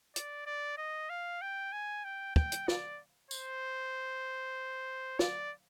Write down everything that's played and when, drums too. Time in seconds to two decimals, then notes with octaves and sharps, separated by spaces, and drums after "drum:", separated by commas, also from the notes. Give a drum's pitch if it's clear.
0.16 D5, drum: hi-hat
0.47 D5
0.78 D#5
1.10 F5
1.42 G5
1.73 G#5
2.05 G5
2.36 G5, drum: kick
2.52 drum: hi-hat
2.68 D5, drum: snare
3.31 C5, drum: tambourine
5.19 D5, drum: snare